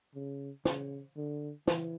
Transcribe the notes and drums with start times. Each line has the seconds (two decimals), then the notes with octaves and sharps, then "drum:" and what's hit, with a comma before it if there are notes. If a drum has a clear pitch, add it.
0.15 C#3
0.65 C#3, drum: snare
1.17 D3
1.68 E3, drum: snare